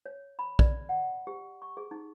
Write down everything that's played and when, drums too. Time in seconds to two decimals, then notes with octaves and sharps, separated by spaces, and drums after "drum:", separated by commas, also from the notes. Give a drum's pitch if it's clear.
0.06 C#5
0.39 B5
0.59 D5, drum: kick
0.89 F#5
1.27 G4
1.62 C#6
1.77 G#4
1.91 D#4